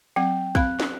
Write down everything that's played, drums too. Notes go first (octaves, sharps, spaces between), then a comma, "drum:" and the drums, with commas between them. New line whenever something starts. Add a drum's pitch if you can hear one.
F#3 C4 F#5 G5
C4 F5 B5 F#6, drum: kick
drum: snare